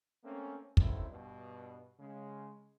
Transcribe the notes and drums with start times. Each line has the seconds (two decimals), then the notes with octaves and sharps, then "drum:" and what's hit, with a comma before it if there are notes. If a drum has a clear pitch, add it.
0.24 A3 A#3 C4 C#4
0.77 C#2 F#2 D3 D#3 C4 E4, drum: kick
1.10 G2 B2
2.00 C#3 G#3